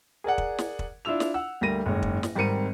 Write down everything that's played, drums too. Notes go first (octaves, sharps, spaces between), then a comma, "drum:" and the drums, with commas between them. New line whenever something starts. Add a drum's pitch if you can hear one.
G#4 A#4 D5 F#5
drum: kick
drum: snare
drum: kick
D4 E4 F4 E6 F7
drum: snare
F#5 E6
D2 G3 A#3 A#6 D#7
F#1 G#2 D#3 C#5
drum: kick
drum: snare
G#1 G3 C4 A#4 C#7 D#7